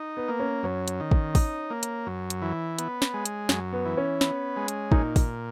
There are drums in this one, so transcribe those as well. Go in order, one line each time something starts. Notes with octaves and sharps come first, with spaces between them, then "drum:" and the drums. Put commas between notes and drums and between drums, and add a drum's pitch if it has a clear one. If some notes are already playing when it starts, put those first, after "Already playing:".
Already playing: D#4
B3
A#3
C#4
F#2 C#4
drum: hi-hat
D#3
drum: kick
D#4, drum: kick, open hi-hat
A#3
drum: hi-hat
F#2
drum: hi-hat
E3
B3, drum: hi-hat
drum: snare
G#3
drum: hi-hat
F#2, drum: snare
B3
E3
C#4
B3, drum: snare
G#3
drum: hi-hat
A#2 D#4, drum: kick
drum: kick, open hi-hat